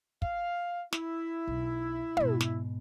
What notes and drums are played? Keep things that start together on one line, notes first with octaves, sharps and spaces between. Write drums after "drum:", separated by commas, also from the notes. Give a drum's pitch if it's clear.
F5, drum: kick
E4, drum: snare
B1
G#2 B2, drum: tom
drum: snare